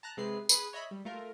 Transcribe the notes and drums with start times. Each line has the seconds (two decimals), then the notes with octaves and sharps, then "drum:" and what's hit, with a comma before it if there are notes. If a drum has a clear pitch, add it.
0.03 A5 A#5 F#6
0.17 C3 G#3 B4 C7
0.49 G#4 B4, drum: tambourine
0.73 C#5 D#5 E5 B5
0.91 G3
1.05 A3 F4 A#4